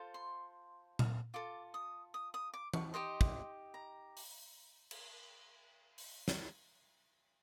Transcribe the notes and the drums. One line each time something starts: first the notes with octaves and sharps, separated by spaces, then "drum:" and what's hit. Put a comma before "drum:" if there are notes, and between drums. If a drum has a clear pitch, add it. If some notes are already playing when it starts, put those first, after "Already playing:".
Already playing: F4 A4 C5
C6
drum: tom A#2
F4 A4 D6
D#6
D#6
D#6
D6
C#6, drum: tom E3
D#4 G4 C5 D#5 C6
drum: kick
A#5
drum: open hi-hat
drum: cymbal
drum: open hi-hat
drum: snare